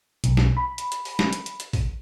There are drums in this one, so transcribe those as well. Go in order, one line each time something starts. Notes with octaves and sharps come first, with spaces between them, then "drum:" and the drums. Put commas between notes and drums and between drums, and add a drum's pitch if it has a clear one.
B1, drum: hi-hat
drum: snare
B5
drum: hi-hat
drum: hi-hat
drum: open hi-hat
drum: snare
drum: hi-hat
drum: hi-hat
drum: hi-hat
drum: kick G#1, open hi-hat